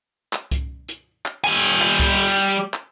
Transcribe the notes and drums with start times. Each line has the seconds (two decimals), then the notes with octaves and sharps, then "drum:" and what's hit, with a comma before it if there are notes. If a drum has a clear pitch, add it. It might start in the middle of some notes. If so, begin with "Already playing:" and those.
0.33 drum: clap
0.52 drum: kick C2, hi-hat
0.89 drum: hi-hat
1.26 drum: clap
1.44 G3 G#5
1.63 drum: hi-hat
1.81 drum: clap
2.00 drum: kick C2, hi-hat
2.37 drum: hi-hat
2.74 drum: clap